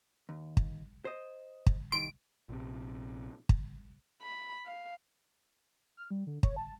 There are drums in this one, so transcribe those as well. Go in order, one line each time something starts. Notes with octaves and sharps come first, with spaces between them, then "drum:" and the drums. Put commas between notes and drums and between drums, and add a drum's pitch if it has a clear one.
D#2
drum: kick
C5 D#5
drum: kick
C2 D#3 C6 D7
A#1 C3
drum: kick
B5
F5
F6
G3
D3
C#5, drum: kick
A5